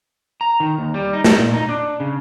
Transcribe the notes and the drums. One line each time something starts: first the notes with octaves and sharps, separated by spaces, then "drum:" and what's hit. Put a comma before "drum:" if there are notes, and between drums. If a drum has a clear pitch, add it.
A#5
D#3
D#2
G3
D#4
D#4, drum: snare
A#2
D#4
D4
C#3